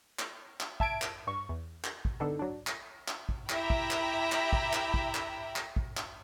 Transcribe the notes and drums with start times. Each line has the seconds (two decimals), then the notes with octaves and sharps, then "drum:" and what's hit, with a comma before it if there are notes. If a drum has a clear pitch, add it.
0.19 drum: clap
0.60 drum: clap
0.80 E5 A5 G#6 D7, drum: kick
1.02 drum: clap
1.27 G2 C#6
1.49 E2
1.84 drum: clap
2.05 drum: kick
2.20 D3 B3 D4 D#4 A4
2.39 F#3 D4
2.67 drum: clap
3.08 drum: clap
3.29 drum: kick
3.49 E4 G4 E5 G5 A#5 B5, drum: clap
3.70 drum: kick
3.91 drum: clap
4.32 drum: clap
4.53 drum: kick
4.73 drum: clap
4.94 drum: kick
5.15 drum: clap
5.56 drum: clap
5.76 drum: kick
5.97 drum: clap